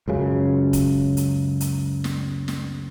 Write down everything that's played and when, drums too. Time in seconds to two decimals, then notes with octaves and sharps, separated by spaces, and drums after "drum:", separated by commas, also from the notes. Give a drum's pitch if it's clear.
0.08 C#2 F#2 C#3
0.73 drum: kick, hi-hat
1.17 drum: hi-hat
1.60 drum: hi-hat
2.04 drum: snare
2.48 drum: snare